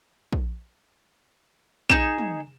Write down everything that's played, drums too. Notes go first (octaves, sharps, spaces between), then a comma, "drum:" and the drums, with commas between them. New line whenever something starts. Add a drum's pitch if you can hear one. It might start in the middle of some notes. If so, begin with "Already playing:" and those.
drum: kick A#1
D#4 G#4 E7, drum: kick A#1
drum: tom